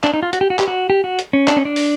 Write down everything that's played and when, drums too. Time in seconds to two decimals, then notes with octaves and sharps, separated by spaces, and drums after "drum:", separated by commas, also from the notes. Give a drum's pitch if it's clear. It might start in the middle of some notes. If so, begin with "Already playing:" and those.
0.04 D4, drum: clap
0.14 D#4
0.23 F4
0.33 F#4, drum: hi-hat
0.41 G4
0.50 F#4
0.59 G4, drum: clap
0.68 F#4
0.90 G4
1.04 F#4
1.19 drum: hi-hat
1.33 C#4
1.48 D4, drum: clap
1.57 C#4
1.65 D4
1.76 drum: open hi-hat